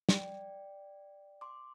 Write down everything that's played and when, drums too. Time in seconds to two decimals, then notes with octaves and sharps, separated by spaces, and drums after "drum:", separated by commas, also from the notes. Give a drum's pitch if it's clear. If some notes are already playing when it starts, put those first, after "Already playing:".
0.09 D5 G5, drum: snare
1.41 C6 D6